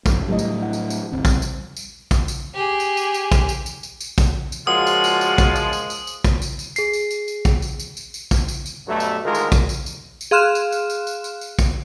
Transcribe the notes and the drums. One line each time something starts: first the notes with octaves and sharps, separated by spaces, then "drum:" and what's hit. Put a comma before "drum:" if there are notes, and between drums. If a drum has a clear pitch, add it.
F1 G2 F3 A4, drum: kick, tambourine
A2 F#3 G3 A3 E4 D#5
drum: tambourine
E4 F#5
drum: tambourine
drum: tambourine
G#1 D2 C4
C3 G3, drum: kick, tambourine
drum: tambourine
drum: tambourine
drum: kick, tambourine
drum: tambourine
G4 G#4
drum: tambourine
drum: tambourine
drum: tambourine
drum: kick, tambourine
drum: tambourine
drum: tambourine
drum: tambourine
drum: tambourine
drum: kick, tambourine
drum: tambourine
A#2 C#3 F3 G#3 F4 F#4 D#6
drum: tambourine
drum: tambourine
drum: tambourine
drum: kick, tambourine
drum: tambourine
drum: tambourine
drum: tambourine
drum: tambourine
drum: kick, tambourine
drum: tambourine
drum: tambourine
G#4 C7, drum: tambourine
drum: tambourine
drum: tambourine
drum: tambourine
drum: kick, tambourine
drum: tambourine
drum: tambourine
drum: tambourine
drum: tambourine
drum: kick, tambourine
drum: tambourine
drum: tambourine
G2 B2 F#3 A3
drum: tambourine
D2 D#3 G#3 F4 A#4
drum: tambourine
drum: kick, tambourine
drum: tambourine
drum: tambourine
drum: tambourine
G#4 F5 C6 F6 F#6 E7
drum: tambourine
drum: tambourine
drum: tambourine
drum: tambourine
drum: tambourine
drum: tambourine
drum: kick, tambourine